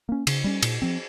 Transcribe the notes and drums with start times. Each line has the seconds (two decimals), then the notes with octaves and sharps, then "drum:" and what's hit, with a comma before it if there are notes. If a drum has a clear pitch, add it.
0.09 A#3 C#4
0.27 C#3, drum: cymbal
0.44 G3 C#4
0.63 A#2, drum: cymbal
0.82 F3 C4